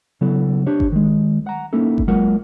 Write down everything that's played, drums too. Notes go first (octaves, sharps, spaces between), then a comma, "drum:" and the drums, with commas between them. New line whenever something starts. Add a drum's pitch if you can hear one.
C#3 F#3 B3 E4 A4
D4 G4 C5 C#5
drum: kick G1
D#3 G#3
F#5 A#5
A#3 C#4 D#4 E4 A4
drum: kick G1
F#3 G#3 A#3 F4 A#4 F#5